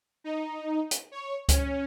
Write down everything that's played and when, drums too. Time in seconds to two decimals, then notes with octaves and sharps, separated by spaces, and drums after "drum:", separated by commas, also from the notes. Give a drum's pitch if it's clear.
0.24 D#4
0.91 drum: hi-hat
1.12 C#5
1.49 C#4, drum: kick C#2, hi-hat